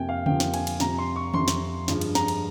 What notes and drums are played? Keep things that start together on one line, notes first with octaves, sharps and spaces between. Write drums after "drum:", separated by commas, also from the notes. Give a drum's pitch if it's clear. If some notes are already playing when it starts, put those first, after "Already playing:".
Already playing: F2 C3 F3 A#3 G5 G#5
F5
F2 C3 F3 A#3 G5, drum: tom C#3
drum: snare
G#5, drum: cymbal
drum: cymbal
F2 C3 F3 A#5, drum: snare
C6
C#6
F2 C3 F3 C6, drum: tom D#3
drum: snare
G2 F3 G#3, drum: snare
drum: cymbal
A#5, drum: snare
drum: cymbal